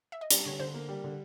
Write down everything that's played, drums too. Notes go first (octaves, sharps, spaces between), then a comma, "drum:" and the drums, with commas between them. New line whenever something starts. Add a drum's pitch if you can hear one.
E5
D#5
G3 D5, drum: hi-hat
D3 C#5
D3 C5
A#3
G3
D3